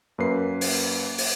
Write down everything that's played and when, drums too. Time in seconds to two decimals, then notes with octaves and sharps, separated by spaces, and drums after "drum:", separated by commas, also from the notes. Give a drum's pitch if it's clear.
0.18 F#2 A#3 B4 C7
0.61 drum: open hi-hat
1.18 drum: open hi-hat